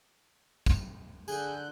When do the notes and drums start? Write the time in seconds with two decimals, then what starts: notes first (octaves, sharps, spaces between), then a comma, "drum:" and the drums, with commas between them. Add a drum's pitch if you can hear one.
0.66 drum: kick, tambourine
1.28 D3 G#4 F#6 G6, drum: tambourine